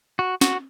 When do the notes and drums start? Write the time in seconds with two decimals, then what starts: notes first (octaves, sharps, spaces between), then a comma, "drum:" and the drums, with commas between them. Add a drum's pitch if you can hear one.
0.19 F#4
0.41 F#4, drum: snare